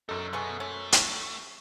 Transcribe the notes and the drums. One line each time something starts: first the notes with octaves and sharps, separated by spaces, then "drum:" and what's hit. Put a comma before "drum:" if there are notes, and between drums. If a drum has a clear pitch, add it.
F#2 F#3 D#4 A4
B2 B3 G#4 C#6
A3 C#4
drum: hi-hat